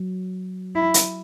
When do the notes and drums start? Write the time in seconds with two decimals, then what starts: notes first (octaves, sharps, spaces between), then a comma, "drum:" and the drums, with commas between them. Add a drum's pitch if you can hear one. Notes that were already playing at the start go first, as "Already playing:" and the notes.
Already playing: F#3
0.75 E4
0.94 drum: hi-hat